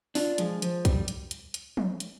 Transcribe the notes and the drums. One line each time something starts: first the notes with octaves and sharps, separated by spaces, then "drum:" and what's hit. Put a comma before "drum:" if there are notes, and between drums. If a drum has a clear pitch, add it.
D4 F4, drum: open hi-hat
F3 G#3, drum: hi-hat
F3, drum: hi-hat
G3, drum: kick C2, hi-hat
drum: hi-hat
drum: hi-hat
drum: hi-hat
drum: tom
drum: hi-hat